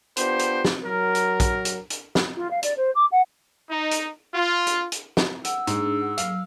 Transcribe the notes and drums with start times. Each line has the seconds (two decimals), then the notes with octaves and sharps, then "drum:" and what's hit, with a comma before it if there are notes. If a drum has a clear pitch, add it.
0.17 B3 D4 F4 G4 C5, drum: hi-hat
0.39 drum: hi-hat
0.64 drum: snare
0.84 F#3 A#4
1.15 drum: hi-hat
1.40 drum: kick, hi-hat
1.65 drum: hi-hat
1.90 drum: hi-hat
2.15 drum: snare
2.36 F4
2.50 F5
2.63 D5, drum: hi-hat
2.76 C5
2.95 D6
3.11 F#5
3.71 D#4
3.91 drum: hi-hat
4.35 F4
4.67 drum: hi-hat
4.92 drum: hi-hat
5.17 drum: snare
5.45 F#5 E6, drum: hi-hat
5.67 G#2 D4 D#4 G#4, drum: hi-hat
6.00 G#4 F#5
6.18 F#3 F5, drum: hi-hat